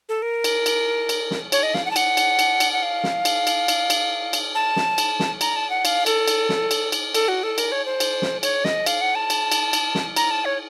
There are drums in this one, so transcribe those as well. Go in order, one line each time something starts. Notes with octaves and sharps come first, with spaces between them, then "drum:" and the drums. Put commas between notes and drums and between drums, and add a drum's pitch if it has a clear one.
A4
A#4
drum: cymbal
drum: cymbal
drum: cymbal
drum: snare
C#5, drum: cymbal
D#5
F5, drum: snare
F#5
A5
F#5, drum: cymbal
drum: cymbal
drum: cymbal
drum: cymbal
F#5
F5
drum: snare
drum: cymbal
drum: cymbal
drum: cymbal
drum: cymbal
drum: cymbal
A5
drum: snare
drum: cymbal
drum: snare
A#5, drum: cymbal
A5
F#5
F5, drum: cymbal
A4, drum: cymbal
drum: cymbal
drum: snare
drum: cymbal
drum: cymbal
A4, drum: cymbal
F#4
A4
A#4, drum: cymbal
C#5
C5
drum: cymbal
drum: snare
C#5, drum: cymbal
D#5, drum: snare
F5, drum: cymbal
F#5
A5
drum: cymbal
drum: cymbal
drum: cymbal
drum: snare
A#5, drum: cymbal
A5
C#5